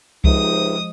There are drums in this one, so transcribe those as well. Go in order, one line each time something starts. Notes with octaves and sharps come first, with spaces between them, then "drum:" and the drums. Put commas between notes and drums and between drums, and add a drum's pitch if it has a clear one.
C#2 C3 F3 G#3 D#4 D#6, drum: kick C2